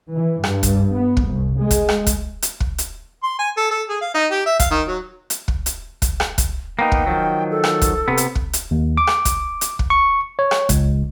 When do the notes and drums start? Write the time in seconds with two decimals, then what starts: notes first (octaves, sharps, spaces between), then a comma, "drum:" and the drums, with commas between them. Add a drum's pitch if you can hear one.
0.12 E3
0.44 G2, drum: rim click
0.63 drum: kick, hi-hat
0.93 B3
1.17 drum: kick
1.27 C2
1.60 G#3
1.71 drum: kick, hi-hat
1.89 drum: rim click
2.07 drum: kick, hi-hat
2.42 drum: hi-hat
2.60 drum: kick
2.78 drum: hi-hat
3.23 C6
3.39 G#5
3.57 A4
3.71 A4
3.89 G#4
4.01 F5
4.14 D#4
4.31 G4
4.46 E5
4.60 F5, drum: kick, hi-hat
4.71 D#3
4.88 F#3
5.30 drum: hi-hat
5.48 drum: kick
5.66 drum: hi-hat
6.02 drum: kick, hi-hat
6.20 drum: rim click
6.38 drum: kick, hi-hat
6.79 A#3 B3 D#4 G5
6.92 drum: kick
7.06 D#3 F3 F#3
7.51 A4
7.64 drum: rim click
7.82 drum: kick, hi-hat
8.08 C3 B3
8.17 drum: hi-hat
8.35 drum: kick
8.53 drum: hi-hat
8.71 D#2
8.97 D6
9.07 drum: rim click
9.25 drum: kick, hi-hat
9.61 drum: hi-hat
9.79 drum: kick
9.90 C#6
10.39 C#5
10.51 drum: rim click
10.69 C#2, drum: kick, hi-hat